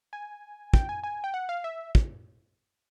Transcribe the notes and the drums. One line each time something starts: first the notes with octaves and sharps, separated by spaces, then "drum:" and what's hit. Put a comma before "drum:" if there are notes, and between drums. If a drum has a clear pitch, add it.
G#5
G5, drum: kick
G#5
G#5
G5
F#5
F5
E5
drum: kick